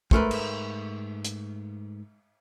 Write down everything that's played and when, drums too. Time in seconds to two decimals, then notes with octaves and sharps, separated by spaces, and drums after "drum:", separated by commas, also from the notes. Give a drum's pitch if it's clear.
0.11 G#2 A3 A#4 B4, drum: kick
0.31 drum: cymbal
1.25 drum: hi-hat